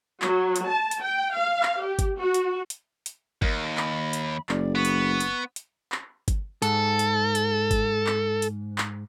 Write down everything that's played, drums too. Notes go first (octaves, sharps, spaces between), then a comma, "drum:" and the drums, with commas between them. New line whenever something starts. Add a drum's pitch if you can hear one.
F#3, drum: clap
drum: hi-hat
A5
drum: hi-hat
G5
F5
drum: clap
G4
drum: kick G1, hi-hat
F#4
drum: hi-hat
drum: hi-hat
drum: hi-hat
D#2 A#4, drum: kick G1
B5, drum: clap
drum: hi-hat
F#1 D5, drum: clap
B3 C#6
drum: hi-hat
drum: hi-hat
drum: hi-hat
drum: clap
drum: kick G1, hi-hat
G#2 A4, drum: hi-hat
drum: hi-hat
drum: hi-hat
drum: kick G1, hi-hat
drum: clap
drum: hi-hat
drum: clap